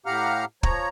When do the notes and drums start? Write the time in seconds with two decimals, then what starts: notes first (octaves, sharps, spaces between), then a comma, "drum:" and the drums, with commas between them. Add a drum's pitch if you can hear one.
0.06 A2 G4 F5 F#5 A#5 F6
0.63 F3 C#5 A#5, drum: kick